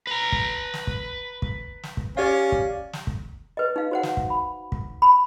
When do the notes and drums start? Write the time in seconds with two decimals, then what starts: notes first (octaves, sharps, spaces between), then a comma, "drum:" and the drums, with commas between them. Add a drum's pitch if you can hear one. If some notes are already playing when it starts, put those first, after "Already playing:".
0.07 B4 A#5
0.32 drum: kick
0.74 drum: snare
0.87 drum: kick
1.42 drum: kick
1.83 drum: snare
1.97 drum: kick
2.17 C#4 G4 D5 F5
2.52 drum: kick
2.93 drum: snare
3.07 drum: kick
3.57 B4 D#5
3.76 D#4 F5
3.91 F#4 C5 F#5
4.03 drum: snare
4.17 drum: kick
4.30 B5
4.72 drum: kick
5.02 B5